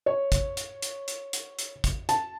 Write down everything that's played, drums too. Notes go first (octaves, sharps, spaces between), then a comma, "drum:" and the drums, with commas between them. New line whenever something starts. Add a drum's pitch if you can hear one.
C#5
drum: kick, hi-hat
drum: hi-hat
drum: hi-hat
drum: hi-hat
drum: hi-hat
drum: hi-hat
drum: kick, hi-hat
A5, drum: hi-hat